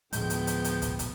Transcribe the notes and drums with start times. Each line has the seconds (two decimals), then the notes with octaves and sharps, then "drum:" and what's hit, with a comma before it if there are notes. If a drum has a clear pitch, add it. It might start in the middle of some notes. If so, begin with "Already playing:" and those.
0.13 D2 A2 F3 G#3 B3 G#4 G5 G6, drum: hi-hat
0.30 drum: hi-hat
0.47 drum: hi-hat
0.64 drum: hi-hat
0.82 drum: kick, hi-hat
0.99 drum: kick, hi-hat